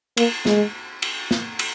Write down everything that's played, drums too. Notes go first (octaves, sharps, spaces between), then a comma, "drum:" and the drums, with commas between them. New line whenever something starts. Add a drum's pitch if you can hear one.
A#3, drum: cymbal
G#3, drum: snare
drum: cymbal
drum: snare
drum: cymbal